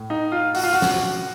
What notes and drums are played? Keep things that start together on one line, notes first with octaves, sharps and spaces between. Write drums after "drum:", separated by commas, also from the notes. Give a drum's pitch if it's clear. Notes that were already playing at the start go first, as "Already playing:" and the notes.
Already playing: A2
D#4
F4
F#4, drum: open hi-hat
F4
F#4
drum: snare